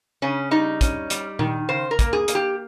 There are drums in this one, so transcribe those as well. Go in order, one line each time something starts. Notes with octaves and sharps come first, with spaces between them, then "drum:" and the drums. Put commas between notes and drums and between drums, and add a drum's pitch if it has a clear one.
C#3 C#4
G3 D#4
C#4, drum: kick, hi-hat
G3, drum: hi-hat
D#3, drum: tom A#2
C#3 C5
A#4
A#3, drum: kick, hi-hat
G#4
A#3, drum: hi-hat
G4